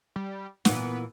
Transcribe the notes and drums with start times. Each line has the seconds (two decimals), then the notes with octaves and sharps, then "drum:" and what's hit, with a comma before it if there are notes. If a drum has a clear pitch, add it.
0.16 G3
0.65 A#2 E3 B3, drum: snare